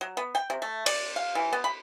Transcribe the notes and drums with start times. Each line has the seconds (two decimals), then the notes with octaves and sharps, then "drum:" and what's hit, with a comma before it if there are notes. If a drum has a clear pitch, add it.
0.01 F#3
0.17 B3
0.35 G5
0.50 C3
0.62 A3
0.86 D5, drum: cymbal
1.16 F5
1.35 E3
1.53 B3
1.64 B5